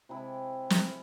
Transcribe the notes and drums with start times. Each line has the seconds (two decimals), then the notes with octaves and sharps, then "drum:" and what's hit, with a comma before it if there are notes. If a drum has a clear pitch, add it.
0.09 C3 G#3 E4 G#4
0.70 drum: snare